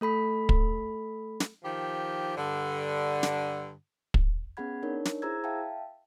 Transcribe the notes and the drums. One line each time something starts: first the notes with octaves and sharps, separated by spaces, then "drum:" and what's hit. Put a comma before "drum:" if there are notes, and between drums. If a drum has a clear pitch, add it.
A3 A4 B5 B6
drum: kick
drum: snare
D#3 F3 G4
G2 D3
drum: snare
drum: kick
B3 C#4 G#4 F#5 B5 G#6
D4 D#4 A#4 C#5
drum: snare
E4 G#4 C5 A#5 E6 G#6
E5 F5 G5 A5